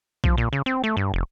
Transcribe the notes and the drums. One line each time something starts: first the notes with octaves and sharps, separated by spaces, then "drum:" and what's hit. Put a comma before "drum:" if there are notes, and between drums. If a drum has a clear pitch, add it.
F3, drum: kick B1
A#2
C#3
C4
A3
G2
F1